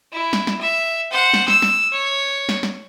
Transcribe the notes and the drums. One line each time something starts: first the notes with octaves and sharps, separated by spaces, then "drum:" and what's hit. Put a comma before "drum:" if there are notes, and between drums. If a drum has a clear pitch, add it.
E4
drum: snare
drum: snare
E5
C5 F#5
drum: snare
E6, drum: snare
drum: snare
C#5
drum: snare
drum: snare